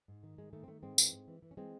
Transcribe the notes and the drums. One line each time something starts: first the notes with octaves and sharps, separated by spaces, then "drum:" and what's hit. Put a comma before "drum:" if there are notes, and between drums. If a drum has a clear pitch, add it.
G#2
D#3
G#2 G#3
D#3 A3
C4
D#3 A3
G#2 G#3 C4
E3, drum: tambourine
G#2
E3
E3
C#4
E3 G#3 C4